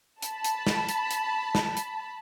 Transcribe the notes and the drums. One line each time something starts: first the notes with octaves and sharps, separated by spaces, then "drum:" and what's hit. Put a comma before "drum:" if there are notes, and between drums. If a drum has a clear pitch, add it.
A5 B5, drum: hi-hat
drum: hi-hat
drum: snare
drum: hi-hat
drum: hi-hat
drum: snare
drum: hi-hat